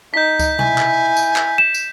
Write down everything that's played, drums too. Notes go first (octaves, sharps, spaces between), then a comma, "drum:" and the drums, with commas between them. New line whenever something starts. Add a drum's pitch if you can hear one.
D#4 G6 B6
drum: kick C#2, tambourine
E4 G#5, drum: tom B2
drum: clap
drum: tambourine
drum: clap
E7
drum: tambourine